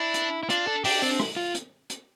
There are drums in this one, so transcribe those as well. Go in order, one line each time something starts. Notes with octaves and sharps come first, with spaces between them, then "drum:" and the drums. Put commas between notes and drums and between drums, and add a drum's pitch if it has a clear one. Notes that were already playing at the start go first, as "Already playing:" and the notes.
Already playing: D4 E4
drum: hi-hat
E4
D4 F4, drum: hi-hat
A4
D4 G4, drum: open hi-hat
C4
drum: rim click
F4
drum: hi-hat
drum: hi-hat